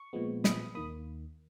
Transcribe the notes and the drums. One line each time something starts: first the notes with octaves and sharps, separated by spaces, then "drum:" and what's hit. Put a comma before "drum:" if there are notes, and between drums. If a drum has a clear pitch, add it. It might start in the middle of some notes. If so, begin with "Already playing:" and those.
Already playing: C#6
A#2 F3 G#3 B3
B5 D#6, drum: snare
D#2 D#3 A#3 B5 D#6